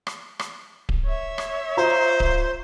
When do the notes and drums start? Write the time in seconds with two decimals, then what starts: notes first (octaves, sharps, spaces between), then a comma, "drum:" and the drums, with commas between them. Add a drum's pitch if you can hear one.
0.07 drum: rim click
0.39 drum: rim click
0.89 drum: kick D1
1.05 C#5 E5
1.38 drum: rim click
1.77 F4 C5 A#5
2.20 drum: kick D1